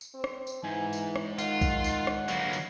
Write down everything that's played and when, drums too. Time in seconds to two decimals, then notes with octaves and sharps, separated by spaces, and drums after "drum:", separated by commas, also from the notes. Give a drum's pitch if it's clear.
0.01 drum: tambourine
0.14 C4
0.24 drum: rim click
0.47 drum: tambourine
0.63 G#2 E3 G#5
0.93 drum: tambourine
1.16 drum: rim click
1.38 D#3 F4 F#5, drum: tambourine
1.61 drum: kick B1, tambourine
1.84 drum: tambourine
2.07 drum: rim click
2.28 D3 F#3 A#3 B3, drum: tambourine
2.53 drum: tambourine